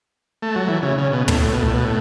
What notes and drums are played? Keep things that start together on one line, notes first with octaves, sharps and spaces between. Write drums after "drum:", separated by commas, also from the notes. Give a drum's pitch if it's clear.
A3
F#3
E3
C#3
C#3
B2
A2, drum: tom
A2
B2
A2
B2
A2